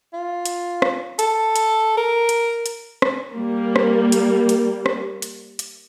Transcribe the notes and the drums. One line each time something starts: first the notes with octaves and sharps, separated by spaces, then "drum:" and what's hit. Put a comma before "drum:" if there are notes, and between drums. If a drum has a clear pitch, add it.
F4
drum: hi-hat
drum: rim click
A4, drum: hi-hat
drum: hi-hat
A#4
drum: hi-hat
drum: hi-hat
drum: rim click
G3 A#3
drum: rim click
drum: hi-hat
drum: hi-hat
drum: rim click
drum: hi-hat
drum: hi-hat